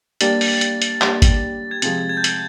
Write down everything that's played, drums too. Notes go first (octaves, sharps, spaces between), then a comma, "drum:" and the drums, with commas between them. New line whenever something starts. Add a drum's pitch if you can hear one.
G3 A#3 D4 G4 A6, drum: hi-hat
drum: open hi-hat
drum: hi-hat
drum: hi-hat
G3 A#3 D4 G4, drum: clap
drum: kick G#1, hi-hat
G#6
C3 F3 G#3 A6, drum: hi-hat
G#6
G6
G#6, drum: hi-hat